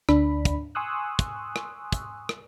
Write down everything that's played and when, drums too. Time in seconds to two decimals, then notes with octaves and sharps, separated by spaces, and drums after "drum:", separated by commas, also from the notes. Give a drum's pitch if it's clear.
0.09 D2 D4 B5, drum: rim click
0.45 drum: kick, hi-hat
0.75 G#5 C6 C#6 D#6 E6 F#6
1.19 drum: kick, hi-hat
1.56 drum: rim click
1.92 drum: kick, hi-hat
2.29 drum: rim click